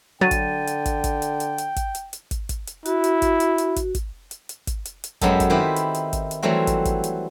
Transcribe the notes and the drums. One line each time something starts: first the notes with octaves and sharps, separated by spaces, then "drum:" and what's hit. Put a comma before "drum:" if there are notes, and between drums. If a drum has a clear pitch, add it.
D3 F#3 G5 A6 D#7
drum: kick, hi-hat
drum: hi-hat
drum: kick, hi-hat
drum: kick, hi-hat
drum: hi-hat
drum: hi-hat
drum: hi-hat
drum: kick, hi-hat
drum: hi-hat
drum: hi-hat
drum: kick, hi-hat
drum: kick, hi-hat
drum: hi-hat
E4 F#4, drum: hi-hat
drum: hi-hat
drum: kick, hi-hat
drum: hi-hat
drum: hi-hat
drum: kick, hi-hat
drum: kick, hi-hat
drum: hi-hat
drum: hi-hat
drum: kick, hi-hat
drum: hi-hat
drum: hi-hat
F#2 F#3 G#3 B3 G4 A4, drum: kick, hi-hat
drum: kick, hi-hat
D#3 C4 E4 G4 B4
drum: hi-hat
drum: hi-hat
drum: kick, hi-hat
drum: hi-hat
E3 F#3 G3 A3 C4 F#4
drum: kick, hi-hat
drum: kick, hi-hat
drum: hi-hat